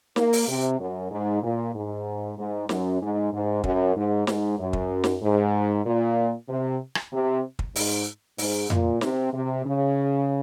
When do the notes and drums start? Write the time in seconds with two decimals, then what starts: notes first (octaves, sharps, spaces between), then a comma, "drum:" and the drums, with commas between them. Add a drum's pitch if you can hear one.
0.16 A#3, drum: snare
0.33 drum: open hi-hat
0.48 C3
0.79 F#2
1.11 G#2
1.43 A#2
1.74 G#2
2.38 G#2
2.69 F#2, drum: snare
3.01 G#2
3.32 G#2
3.64 F#2, drum: kick
3.96 G#2
4.27 G#2, drum: snare
4.59 F#2
4.73 drum: kick
5.04 drum: snare
5.22 G#2
5.85 A#2
6.48 C3
6.95 drum: rim click
7.12 C3
7.59 drum: kick
7.76 G#2, drum: open hi-hat
8.38 G#2, drum: open hi-hat
8.70 A#2, drum: tom F2
9.01 C3, drum: snare
9.33 C3
9.65 C#3